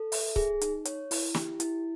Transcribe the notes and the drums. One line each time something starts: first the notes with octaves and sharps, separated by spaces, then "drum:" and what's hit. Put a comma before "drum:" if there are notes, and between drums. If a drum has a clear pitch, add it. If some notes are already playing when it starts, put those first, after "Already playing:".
Already playing: A4
E5, drum: open hi-hat
G#4, drum: kick C#1
D#4, drum: hi-hat
C#5, drum: hi-hat
E4, drum: open hi-hat
G4, drum: snare
E4, drum: hi-hat